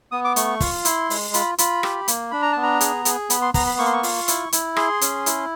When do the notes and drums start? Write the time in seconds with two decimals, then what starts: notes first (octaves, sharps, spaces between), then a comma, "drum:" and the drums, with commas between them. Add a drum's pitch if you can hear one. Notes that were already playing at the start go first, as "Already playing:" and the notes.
0.12 B3 D#6
0.24 D6
0.36 A3 C#6, drum: hi-hat
0.60 F4, drum: kick, open hi-hat
0.85 E4 C6, drum: hi-hat
1.10 G#3, drum: open hi-hat
1.34 F4 B5, drum: hi-hat
1.58 F4 B5, drum: hi-hat
1.83 G4, drum: rim click
2.08 A#3, drum: hi-hat
2.31 D4 B5
2.42 A#5
2.53 B3 A5
2.63 A#5
2.81 G#4, drum: hi-hat
3.05 G#4, drum: hi-hat
3.30 B3 B5, drum: hi-hat
3.42 C6
3.54 B3 A#5, drum: kick, open hi-hat
3.67 B5
3.79 A#3 C#6
3.86 C6
3.93 C#6
4.03 F4, drum: open hi-hat
4.28 E4, drum: hi-hat
4.52 E4, drum: hi-hat
4.76 G#4 C6, drum: rim click
5.01 C#4, drum: hi-hat
5.26 E4, drum: hi-hat